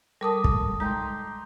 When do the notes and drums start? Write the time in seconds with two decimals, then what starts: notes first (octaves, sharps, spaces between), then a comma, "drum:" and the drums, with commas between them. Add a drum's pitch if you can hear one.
0.21 G3 A4 A#4 A5 D6 D#6
0.44 drum: kick
0.80 G#3 D#4 G5 C6